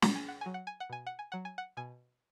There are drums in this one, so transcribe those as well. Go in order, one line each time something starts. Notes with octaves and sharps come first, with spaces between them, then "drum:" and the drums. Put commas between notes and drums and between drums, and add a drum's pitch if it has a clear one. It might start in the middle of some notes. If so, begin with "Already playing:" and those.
B2 F#5, drum: snare
G#5
F#5
F#3 G#5
F#5
G#5
F#5
B2 G#5
F#5
G#5
F#3 F#5
G#5
F#5
B2 G#5